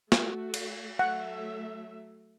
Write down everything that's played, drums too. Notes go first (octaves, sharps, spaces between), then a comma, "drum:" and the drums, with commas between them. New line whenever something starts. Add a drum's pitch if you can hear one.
A3 F#4, drum: snare
drum: cymbal
F#3 A3 E5 F#5